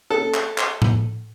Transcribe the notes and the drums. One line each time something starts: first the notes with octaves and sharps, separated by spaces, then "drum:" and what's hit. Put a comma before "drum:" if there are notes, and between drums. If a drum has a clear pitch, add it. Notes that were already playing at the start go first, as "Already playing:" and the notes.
A4
drum: clap
drum: clap
drum: tom A2